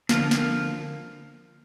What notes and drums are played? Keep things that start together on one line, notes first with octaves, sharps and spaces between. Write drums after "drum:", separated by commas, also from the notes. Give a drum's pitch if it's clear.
D3 F3 A#3 F4, drum: snare
drum: snare